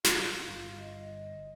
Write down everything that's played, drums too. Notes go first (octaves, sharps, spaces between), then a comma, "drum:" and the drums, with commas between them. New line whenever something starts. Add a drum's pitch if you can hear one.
F4, drum: snare
G1
D#5